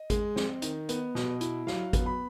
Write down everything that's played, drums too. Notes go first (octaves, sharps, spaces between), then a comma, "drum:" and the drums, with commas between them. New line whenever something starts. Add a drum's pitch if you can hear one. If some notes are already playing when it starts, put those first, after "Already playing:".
Already playing: D#5
G#3, drum: kick G#1, hi-hat
C4, drum: snare
D#3, drum: hi-hat
B3, drum: hi-hat
B2, drum: snare
E4, drum: hi-hat
F#3 F5, drum: snare
B3, drum: kick G#1, hi-hat
B5